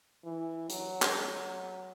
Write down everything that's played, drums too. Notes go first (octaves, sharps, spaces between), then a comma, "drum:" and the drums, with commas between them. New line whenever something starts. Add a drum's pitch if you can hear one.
E3
F#3, drum: hi-hat
drum: clap
F#3